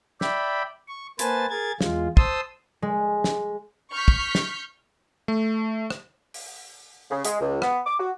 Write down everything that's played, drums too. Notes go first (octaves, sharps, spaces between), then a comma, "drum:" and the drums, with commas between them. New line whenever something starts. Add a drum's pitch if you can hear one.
D5 E5 G5 B5, drum: snare
C#6
A#3 B4 C5 G#5 A5 A6, drum: hi-hat
G#4 A#4 G#6 A6
E2 G#3 F4, drum: snare
C5 A5 C6 D#6 E6, drum: kick
G#3
drum: snare
C#6 F6 G6 B6
drum: kick
drum: snare
A3
drum: rim click
drum: open hi-hat
C#3
G#3, drum: hi-hat
C#2
B3, drum: rim click
D6
F#4